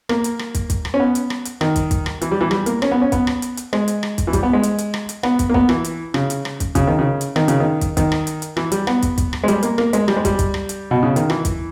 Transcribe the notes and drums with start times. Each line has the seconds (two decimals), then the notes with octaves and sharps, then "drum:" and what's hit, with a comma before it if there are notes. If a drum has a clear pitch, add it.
0.09 A#3, drum: rim click
0.24 drum: hi-hat
0.39 drum: rim click
0.54 drum: kick, hi-hat
0.70 drum: kick, hi-hat
0.85 drum: rim click
0.94 C#4
1.00 B3
1.15 drum: hi-hat
1.30 drum: rim click
1.45 drum: hi-hat
1.61 D#3, drum: rim click
1.76 drum: kick, hi-hat
1.91 drum: kick, hi-hat
2.06 drum: rim click
2.22 E3, drum: hi-hat
2.31 G3
2.41 E3
2.51 G3, drum: rim click
2.66 A#3, drum: hi-hat
2.82 C#4, drum: rim click
2.92 B3
3.02 C#4
3.12 B3, drum: kick, hi-hat
3.27 drum: rim click
3.42 drum: hi-hat
3.57 drum: hi-hat
3.73 G#3, drum: rim click
3.88 drum: hi-hat
4.03 drum: rim click
4.18 drum: kick, hi-hat
4.27 E3
4.33 G3, drum: kick, hi-hat
4.43 B3
4.53 G#3
4.63 drum: hi-hat
4.78 drum: hi-hat
4.94 drum: rim click
5.09 drum: hi-hat
5.23 B3, drum: rim click
5.39 drum: kick, hi-hat
5.49 A#3
5.54 B3, drum: kick
5.69 E3, drum: rim click
5.84 drum: hi-hat
6.14 C#3, drum: rim click
6.30 drum: hi-hat
6.45 drum: rim click
6.60 drum: kick, hi-hat
6.75 C#3, drum: kick, hi-hat
6.87 D#3
6.99 C#3
7.21 drum: hi-hat
7.36 D#3, drum: rim click
7.48 C#3, drum: hi-hat
7.60 D#3
7.81 drum: kick, hi-hat
7.97 D#3, drum: kick, hi-hat
8.12 drum: rim click
8.27 drum: hi-hat
8.42 drum: hi-hat
8.57 E3, drum: rim click
8.72 G3, drum: hi-hat
8.87 B3, drum: rim click
9.02 drum: kick, hi-hat
9.18 drum: kick, hi-hat
9.33 drum: rim click
9.44 G#3
9.48 G3, drum: hi-hat
9.63 A#3, drum: hi-hat
9.78 A#3, drum: rim click
9.93 G#3, drum: hi-hat
10.08 G3, drum: rim click
10.17 G#3
10.25 G3, drum: kick, hi-hat
10.39 drum: kick, hi-hat
10.54 drum: rim click
10.69 drum: hi-hat
10.91 B2
11.03 C#3
11.16 D#3, drum: hi-hat
11.30 E3, drum: rim click
11.45 drum: kick, hi-hat